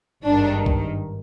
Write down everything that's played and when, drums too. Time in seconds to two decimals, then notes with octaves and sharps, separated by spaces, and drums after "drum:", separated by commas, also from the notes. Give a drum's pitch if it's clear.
0.24 G#1 G2 D#3 D4
0.66 drum: kick C2